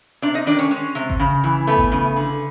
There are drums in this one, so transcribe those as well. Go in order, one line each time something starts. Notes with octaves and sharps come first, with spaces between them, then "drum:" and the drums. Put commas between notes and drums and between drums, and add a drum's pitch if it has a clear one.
C3 D4 D5
D#4 D#5
D#3 D4 D5
C#4 C#5, drum: hi-hat
G#3
C3
drum: kick G#1
C#3
E3
A3 B3 B4
drum: kick G#1
C#3
D3